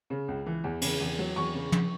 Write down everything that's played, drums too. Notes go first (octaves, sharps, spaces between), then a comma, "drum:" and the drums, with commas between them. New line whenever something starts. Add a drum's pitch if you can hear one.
C#3
C#2
E3
E2
C#3, drum: cymbal
E2
F#3
E2 C#6
C#3
drum: tom